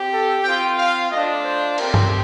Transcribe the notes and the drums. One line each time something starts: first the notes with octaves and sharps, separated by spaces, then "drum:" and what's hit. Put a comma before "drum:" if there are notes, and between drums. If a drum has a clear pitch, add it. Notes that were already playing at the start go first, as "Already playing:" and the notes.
Already playing: C4 G4
A4
C4 F4 G5
F5
A3 D4 F4 D#5
C5
A3 C4 G4 A#4, drum: cymbal
drum: tom G2